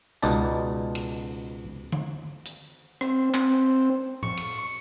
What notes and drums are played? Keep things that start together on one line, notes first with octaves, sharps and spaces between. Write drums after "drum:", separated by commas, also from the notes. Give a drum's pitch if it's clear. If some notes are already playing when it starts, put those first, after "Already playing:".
C#2 B2 D#4 D5 A5, drum: tambourine
drum: cymbal
drum: tom D3
drum: hi-hat
C4, drum: rim click
C4, drum: clap
C#6, drum: tom A2
drum: cymbal